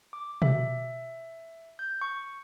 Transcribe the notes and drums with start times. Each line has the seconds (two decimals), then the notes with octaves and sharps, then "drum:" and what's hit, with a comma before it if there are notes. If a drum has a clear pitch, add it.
0.13 D6
0.42 E5, drum: tom B2
1.79 G6
2.01 C#6